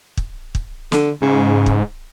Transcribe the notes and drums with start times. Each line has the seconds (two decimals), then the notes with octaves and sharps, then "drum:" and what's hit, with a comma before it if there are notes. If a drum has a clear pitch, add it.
0.17 drum: kick
0.55 drum: kick
0.92 D3, drum: snare
1.22 G#2 C#3
1.66 drum: kick